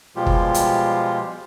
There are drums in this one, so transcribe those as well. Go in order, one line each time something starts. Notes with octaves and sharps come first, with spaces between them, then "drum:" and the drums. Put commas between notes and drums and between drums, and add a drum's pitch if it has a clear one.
B2 F3 G3 G#3 F4 G4
drum: kick F#1
drum: hi-hat